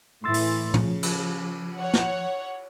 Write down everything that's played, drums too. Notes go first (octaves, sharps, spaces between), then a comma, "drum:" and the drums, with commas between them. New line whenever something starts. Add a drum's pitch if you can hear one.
A2 E3 C6 E6 A6
drum: open hi-hat
C#3 F3, drum: tom
drum: cymbal
C#5 F#5
drum: snare